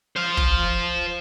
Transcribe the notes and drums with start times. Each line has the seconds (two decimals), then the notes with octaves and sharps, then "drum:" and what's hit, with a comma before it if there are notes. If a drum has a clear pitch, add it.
0.16 C5 F5
0.37 drum: kick